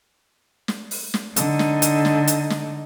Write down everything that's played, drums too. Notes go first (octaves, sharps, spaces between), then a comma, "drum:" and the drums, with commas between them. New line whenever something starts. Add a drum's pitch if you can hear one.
drum: snare
drum: open hi-hat
drum: snare
D3 D#4, drum: hi-hat
drum: snare
drum: hi-hat
drum: snare
drum: hi-hat
drum: snare